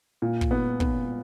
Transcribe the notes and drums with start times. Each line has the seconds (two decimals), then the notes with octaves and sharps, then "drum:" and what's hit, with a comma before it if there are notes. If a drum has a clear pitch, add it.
0.22 A#2
0.41 drum: kick
0.51 B3
0.80 B3, drum: kick